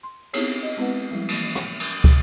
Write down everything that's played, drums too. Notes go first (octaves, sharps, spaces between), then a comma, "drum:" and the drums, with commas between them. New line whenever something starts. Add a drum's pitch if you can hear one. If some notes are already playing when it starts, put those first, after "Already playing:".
C6
B3 C4 D#4 E4 G#4 C#5, drum: cymbal
D#5
G#3 B3 C4 E4 B4 F#5
F3 G3 G#3 E4
E3 A#3, drum: cymbal
drum: rim click
drum: cymbal
drum: kick